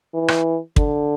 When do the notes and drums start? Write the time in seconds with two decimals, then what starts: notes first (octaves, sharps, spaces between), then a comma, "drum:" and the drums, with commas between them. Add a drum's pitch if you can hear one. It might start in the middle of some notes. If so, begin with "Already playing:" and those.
0.14 E3
0.28 drum: rim click
0.76 D3, drum: kick